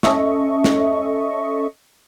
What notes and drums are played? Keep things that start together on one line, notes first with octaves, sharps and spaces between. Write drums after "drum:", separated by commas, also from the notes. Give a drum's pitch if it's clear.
C#4 A4 D#5 E5 C#6, drum: snare
drum: snare